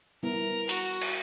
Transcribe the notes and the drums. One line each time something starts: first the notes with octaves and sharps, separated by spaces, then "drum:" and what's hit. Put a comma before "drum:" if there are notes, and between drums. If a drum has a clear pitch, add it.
G3 B3 E4 A#4
F#4, drum: hi-hat
drum: cymbal